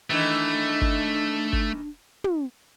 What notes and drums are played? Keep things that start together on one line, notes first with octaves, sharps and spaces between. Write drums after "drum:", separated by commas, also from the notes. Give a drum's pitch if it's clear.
D#3 E3 A3 D4
drum: kick
drum: kick
drum: tom